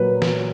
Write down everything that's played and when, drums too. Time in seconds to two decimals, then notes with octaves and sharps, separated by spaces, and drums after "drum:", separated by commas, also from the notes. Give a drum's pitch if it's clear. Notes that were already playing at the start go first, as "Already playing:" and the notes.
Already playing: A#2 F#3 A#3 B4
0.22 drum: snare